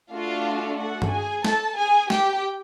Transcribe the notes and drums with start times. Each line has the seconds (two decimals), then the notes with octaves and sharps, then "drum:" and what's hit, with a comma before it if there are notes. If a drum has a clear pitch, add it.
0.12 A3 D4 F4 F#4 A4 F5
0.78 F#4 F#5
1.02 drum: tom G2
1.11 G#4 G#5
1.45 A4 A5, drum: snare
1.78 G#4 G#5
2.10 G4 G5, drum: snare